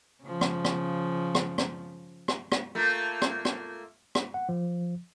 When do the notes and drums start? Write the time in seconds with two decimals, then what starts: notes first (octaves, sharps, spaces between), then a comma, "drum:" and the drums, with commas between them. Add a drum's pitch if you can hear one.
0.24 C#3 F3
0.41 drum: rim click
0.65 drum: rim click
1.35 drum: rim click
1.58 drum: rim click
2.28 drum: rim click
2.52 drum: rim click
2.75 A3 A#3 F4
3.22 drum: rim click
3.45 drum: rim click
4.15 drum: rim click
4.34 F#5
4.49 F3